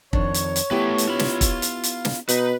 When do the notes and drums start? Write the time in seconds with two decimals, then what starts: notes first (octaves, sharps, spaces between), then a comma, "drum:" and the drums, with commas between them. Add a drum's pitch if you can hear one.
0.13 F2 D#3 D4 C#5, drum: kick
0.34 drum: hi-hat
0.56 drum: hi-hat
0.71 A3 B3 E4 G4 B4
0.98 drum: hi-hat
1.08 F4 B5
1.20 drum: snare
1.41 drum: kick, hi-hat
1.62 drum: hi-hat
1.83 drum: hi-hat
2.05 drum: snare
2.29 B2 D#4 B4, drum: hi-hat